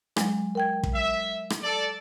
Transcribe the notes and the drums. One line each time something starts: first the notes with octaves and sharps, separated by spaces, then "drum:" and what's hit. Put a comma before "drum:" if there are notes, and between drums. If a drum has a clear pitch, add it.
F#3 G#3, drum: rim click
A#4 G5 G#6
drum: kick
E5
drum: rim click
A4 D5